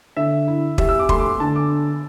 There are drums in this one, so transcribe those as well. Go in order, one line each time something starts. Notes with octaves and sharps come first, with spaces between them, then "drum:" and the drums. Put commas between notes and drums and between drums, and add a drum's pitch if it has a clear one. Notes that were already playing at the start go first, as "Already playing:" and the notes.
D3 E5
E4
G4 E5, drum: kick
E6
D6
A3 C6, drum: kick
D6
D3 A5
D6